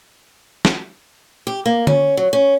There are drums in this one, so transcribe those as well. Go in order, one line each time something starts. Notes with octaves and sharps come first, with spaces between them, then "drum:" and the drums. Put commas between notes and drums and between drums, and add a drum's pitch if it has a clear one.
drum: snare
G4
A#3
C#4, drum: tom D3
F#3
C#4